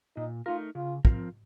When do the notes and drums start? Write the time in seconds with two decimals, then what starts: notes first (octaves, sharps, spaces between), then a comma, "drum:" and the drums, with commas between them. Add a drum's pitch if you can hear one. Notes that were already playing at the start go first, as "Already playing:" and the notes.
0.17 A#2 D#4
0.46 A3 D#4 F4 A#4
0.75 C#3 F4
1.05 F3 C4 F4 A#4, drum: kick